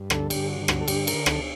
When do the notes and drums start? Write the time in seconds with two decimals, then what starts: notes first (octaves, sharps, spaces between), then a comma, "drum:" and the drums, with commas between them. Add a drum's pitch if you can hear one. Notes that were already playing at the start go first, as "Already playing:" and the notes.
Already playing: G2
0.10 D3 A4, drum: rim click
0.30 G4, drum: cymbal
0.36 G2
0.49 F#4
0.61 D3
0.68 F#4, drum: rim click
0.81 A4
0.88 G2 G4, drum: cymbal
1.07 A#4, drum: cymbal
1.13 D3
1.26 A4, drum: rim click